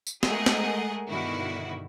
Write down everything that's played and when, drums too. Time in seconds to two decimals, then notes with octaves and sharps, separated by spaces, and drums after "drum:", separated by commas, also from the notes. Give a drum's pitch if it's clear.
0.07 drum: tambourine
0.23 G#3 A3 G#4 A#4 D#5 F#5, drum: snare
0.46 drum: snare
1.08 G2 B2 D3 D#3 E4 F#4